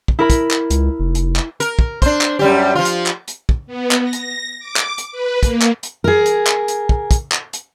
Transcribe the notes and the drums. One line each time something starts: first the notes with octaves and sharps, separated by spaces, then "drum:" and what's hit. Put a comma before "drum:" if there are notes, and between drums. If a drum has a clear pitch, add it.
drum: kick
E4 A#4 B5
drum: kick, hi-hat
drum: clap
C#2, drum: hi-hat
F1
drum: hi-hat
drum: clap
A#4, drum: hi-hat
drum: kick
D4 C5, drum: kick, hi-hat
drum: clap
F#2 G3 G4
F3 F4
drum: hi-hat
drum: clap
drum: hi-hat
drum: kick
B3
drum: clap
A#6
drum: hi-hat
D6
drum: clap
drum: hi-hat
B4
A#3, drum: kick, hi-hat
drum: clap
drum: hi-hat
G#4 A#4
drum: hi-hat
drum: clap
drum: hi-hat
drum: kick
drum: kick, hi-hat
drum: clap
drum: hi-hat